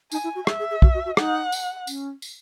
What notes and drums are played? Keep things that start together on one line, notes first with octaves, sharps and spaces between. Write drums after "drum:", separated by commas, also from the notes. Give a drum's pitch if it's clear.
D#4 G#5, drum: tambourine
E4
F#4
G#4 E5, drum: rim click
G#4
G#4
F#4, drum: kick
F#4
F#4
D#4 F#5, drum: rim click
drum: tambourine
C#4, drum: tambourine
drum: tambourine